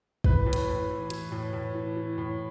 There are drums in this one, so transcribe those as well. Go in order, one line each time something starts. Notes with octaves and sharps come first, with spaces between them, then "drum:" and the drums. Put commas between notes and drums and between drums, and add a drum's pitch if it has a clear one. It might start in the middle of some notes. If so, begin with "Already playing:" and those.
E3 B4, drum: kick
A2
B4, drum: hi-hat
A2
E3
E3, drum: hi-hat
A2
A2
E3
E3
A2